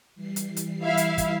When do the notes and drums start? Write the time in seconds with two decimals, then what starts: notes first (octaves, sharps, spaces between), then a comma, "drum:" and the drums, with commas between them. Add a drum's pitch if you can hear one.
0.16 E3 G3 C7
0.36 drum: hi-hat
0.57 drum: hi-hat
0.84 E4 E5 F5
0.97 drum: hi-hat
1.18 drum: kick, hi-hat